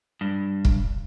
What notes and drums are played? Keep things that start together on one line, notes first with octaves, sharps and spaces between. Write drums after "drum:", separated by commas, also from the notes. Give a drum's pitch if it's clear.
G2
drum: kick